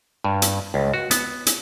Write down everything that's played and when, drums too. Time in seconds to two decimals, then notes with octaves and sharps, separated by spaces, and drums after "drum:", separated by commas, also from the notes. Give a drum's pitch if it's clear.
0.24 G2
0.42 drum: hi-hat
0.74 C#2
0.94 F#4
1.11 B3, drum: hi-hat
1.47 drum: hi-hat